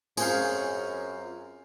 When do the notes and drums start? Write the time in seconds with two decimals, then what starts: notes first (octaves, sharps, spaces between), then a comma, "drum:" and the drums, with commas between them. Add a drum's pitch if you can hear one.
0.17 F#2 C4 C#4 F4 G#4 F5 G6, drum: tambourine